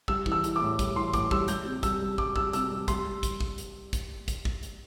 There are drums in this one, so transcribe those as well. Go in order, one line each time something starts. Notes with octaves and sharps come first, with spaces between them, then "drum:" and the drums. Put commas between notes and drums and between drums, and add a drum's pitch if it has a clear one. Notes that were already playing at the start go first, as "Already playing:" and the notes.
G3 E6, drum: kick
E3, drum: kick
E6
E3, drum: hi-hat
D6
A2
G3, drum: kick, hi-hat
E3 C6
A2 D6, drum: kick, hi-hat
G3 E6, drum: kick
G3 G6, drum: hi-hat
C3
G3 E6, drum: kick, hi-hat
G3
G3 D6, drum: kick
G3 E6, drum: kick
C3 E6, drum: hi-hat
G3
G3 C6, drum: kick, hi-hat
drum: kick, hi-hat
drum: kick
drum: hi-hat
drum: kick, hi-hat
drum: kick, hi-hat
drum: kick
drum: hi-hat